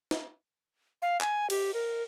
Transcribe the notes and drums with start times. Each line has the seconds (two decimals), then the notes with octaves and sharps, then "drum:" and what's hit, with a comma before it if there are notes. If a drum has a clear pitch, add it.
0.11 drum: snare
1.02 F5
1.21 G#5, drum: clap
1.50 G4, drum: cymbal
1.74 A#4